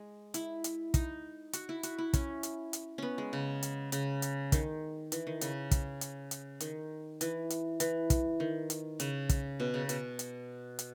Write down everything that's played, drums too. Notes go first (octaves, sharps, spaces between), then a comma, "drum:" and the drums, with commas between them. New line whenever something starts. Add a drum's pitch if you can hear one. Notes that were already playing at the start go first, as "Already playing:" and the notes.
Already playing: G#3
E4, drum: hi-hat
drum: hi-hat
D#4, drum: kick, hi-hat
F#4, drum: hi-hat
E4
F#4, drum: hi-hat
E4
C#4, drum: kick, hi-hat
drum: hi-hat
drum: hi-hat
B3 C#4
G#3
C#3
drum: hi-hat
C#3, drum: hi-hat
drum: hi-hat
D#3, drum: kick, hi-hat
E3, drum: hi-hat
D#3
C#3, drum: hi-hat
drum: kick, hi-hat
drum: hi-hat
drum: hi-hat
D#3, drum: hi-hat
E3, drum: hi-hat
drum: hi-hat
E3, drum: hi-hat
drum: kick, hi-hat
D#3
drum: hi-hat
C#3, drum: hi-hat
drum: kick, hi-hat
B2
C#3
B2, drum: hi-hat
drum: hi-hat
drum: hi-hat